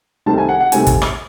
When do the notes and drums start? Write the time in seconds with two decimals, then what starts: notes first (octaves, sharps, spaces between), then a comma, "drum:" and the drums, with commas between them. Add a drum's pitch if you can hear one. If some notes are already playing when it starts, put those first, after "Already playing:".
0.26 C2 C3 D#3 A3 C4 A5
0.38 G#5
0.49 F#5
0.60 F#5
0.72 C2 C3 D#3 A3 C4 G#5, drum: hi-hat
0.87 drum: kick, hi-hat
1.02 drum: rim click